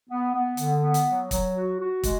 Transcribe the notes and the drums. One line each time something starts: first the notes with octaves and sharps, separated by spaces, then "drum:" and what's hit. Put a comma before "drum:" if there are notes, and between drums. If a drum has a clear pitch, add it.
B3
B3
D3, drum: hi-hat
B3
drum: hi-hat
F#3
F#3, drum: kick, hi-hat
F#4
F#4
G#3, drum: kick, hi-hat